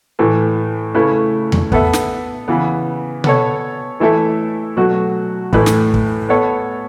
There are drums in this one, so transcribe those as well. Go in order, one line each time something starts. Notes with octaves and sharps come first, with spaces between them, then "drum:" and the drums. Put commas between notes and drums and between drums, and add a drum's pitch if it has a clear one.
A2 E3 A3
C#3 A3 C#4 E4 B4
drum: tom E2
B3 A4 E5, drum: kick
drum: snare
C#3 E3 B3
B3 A4 C#5, drum: tom B2
E3 A3 E4 A4 E5
B2 F#3 A3 F#4
A2 E3 A3 E4 B4, drum: kick
drum: snare
drum: kick
B3 A4 C#5